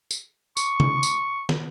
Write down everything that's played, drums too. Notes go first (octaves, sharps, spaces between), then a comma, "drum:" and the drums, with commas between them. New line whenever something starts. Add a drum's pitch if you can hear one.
drum: tambourine
C#6, drum: tambourine
drum: tom
drum: tambourine
drum: snare